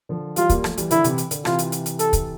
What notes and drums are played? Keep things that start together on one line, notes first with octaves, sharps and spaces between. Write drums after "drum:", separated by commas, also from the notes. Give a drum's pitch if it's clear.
D3 F3
E3 G3 F4, drum: hi-hat
G3 A#3, drum: kick, hi-hat
F3 A3, drum: rim click
E3 G3, drum: hi-hat
D3 F3 E4, drum: hi-hat
C3 E3, drum: hi-hat
drum: hi-hat
D3, drum: hi-hat
C3 E3 F4, drum: rim click
drum: hi-hat
drum: hi-hat
drum: hi-hat
A4, drum: hi-hat
drum: kick, hi-hat